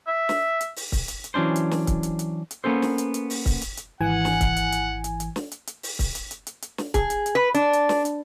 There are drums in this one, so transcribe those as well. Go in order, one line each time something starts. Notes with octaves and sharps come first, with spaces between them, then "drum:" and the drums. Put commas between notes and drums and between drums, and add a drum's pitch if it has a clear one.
E5
drum: snare
drum: hi-hat
drum: open hi-hat
drum: kick C#1, open hi-hat
drum: hi-hat
drum: hi-hat
E3 F#3 C#4 D4 C5
drum: hi-hat
drum: snare
drum: kick C#1, hi-hat
drum: hi-hat
drum: hi-hat
drum: hi-hat
A#3 B3 C#4 A4 C5
drum: snare
drum: hi-hat
drum: hi-hat
drum: open hi-hat
drum: kick C#1, open hi-hat
drum: hi-hat
drum: hi-hat
G#1 E3 F#5 G#5
drum: snare
drum: kick C#1, hi-hat
drum: hi-hat
drum: hi-hat
drum: hi-hat
drum: hi-hat
drum: snare
drum: hi-hat
drum: hi-hat
drum: open hi-hat
drum: kick C#1, open hi-hat
drum: hi-hat
drum: hi-hat
drum: hi-hat
drum: hi-hat
drum: snare
G#4, drum: kick C#1, hi-hat
drum: hi-hat
drum: hi-hat
B4
D4, drum: hi-hat
drum: hi-hat
drum: snare
drum: hi-hat